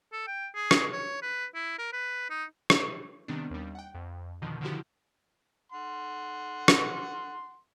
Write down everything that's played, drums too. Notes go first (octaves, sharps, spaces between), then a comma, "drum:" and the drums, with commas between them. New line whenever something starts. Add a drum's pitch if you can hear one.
A4
G5
G#4
drum: rim click
C#5
B4
E4
A#4
B4
D#4
drum: rim click
C3 D#3 G3 B3 C4 D4
D#2 G3
F#5 G5
F2
B2 D3 D#3 F3
D3 D#3 F3 E4 F#4 G4
F#5 C6
drum: rim click